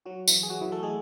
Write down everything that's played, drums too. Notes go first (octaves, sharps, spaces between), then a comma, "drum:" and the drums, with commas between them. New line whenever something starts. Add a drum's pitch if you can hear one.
F#3 F#4
E3 E4, drum: tambourine
G#4
F#3 F#4
E3 E4
A3 A4
G#3 G#4